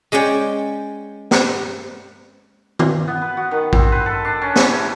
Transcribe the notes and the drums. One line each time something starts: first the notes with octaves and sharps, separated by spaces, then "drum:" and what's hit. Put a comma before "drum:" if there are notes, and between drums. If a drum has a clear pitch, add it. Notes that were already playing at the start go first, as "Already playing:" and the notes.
G#3 C#4 D5 G5 G#5
drum: snare
drum: tom D#3
B3
B4
F#4
D#3
C4, drum: kick A1
B4
A4
D4
C#4
E3, drum: snare
A3